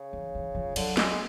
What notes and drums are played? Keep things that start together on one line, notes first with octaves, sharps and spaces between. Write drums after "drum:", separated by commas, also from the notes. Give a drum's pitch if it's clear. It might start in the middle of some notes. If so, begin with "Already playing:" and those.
Already playing: C#3
E3
E3
F3
D3 F#3, drum: cymbal
G#3, drum: snare